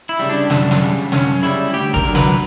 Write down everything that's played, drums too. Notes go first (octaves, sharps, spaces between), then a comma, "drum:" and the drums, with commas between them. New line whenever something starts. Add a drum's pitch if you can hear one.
E4
C#3 G3
D4
F#2, drum: snare
drum: snare
C#3 G3
F#2 C#4, drum: snare
C#3 G3 E4
D2 G4
A#4, drum: kick
D3 F#3
B4, drum: snare